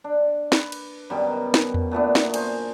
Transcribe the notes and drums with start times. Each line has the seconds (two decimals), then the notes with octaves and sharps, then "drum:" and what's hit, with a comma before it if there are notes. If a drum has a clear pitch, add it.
0.04 D4
0.52 B4 D6, drum: snare
0.72 drum: cymbal
1.10 F#2 B2 D#3 G3
1.54 drum: snare
1.74 drum: tom E2
1.91 A#2 A3 B3 D4
2.15 drum: snare
2.34 C5 G#5, drum: cymbal